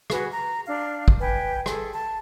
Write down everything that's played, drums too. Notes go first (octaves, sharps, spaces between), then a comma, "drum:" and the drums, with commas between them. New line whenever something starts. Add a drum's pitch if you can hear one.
F#4 G#4 B4, drum: rim click
A#5
D4 F5
drum: kick
B4 G5 G#5
G#4 A4, drum: rim click
A5